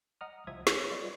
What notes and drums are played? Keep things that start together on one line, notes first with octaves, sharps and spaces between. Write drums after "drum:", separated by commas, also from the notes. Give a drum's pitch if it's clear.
D#5 F#5 A#5 D#6 F6
C2 F3 F4 E5 D#6 G#6
C#5, drum: snare
G3 F4 B4 D5 D#5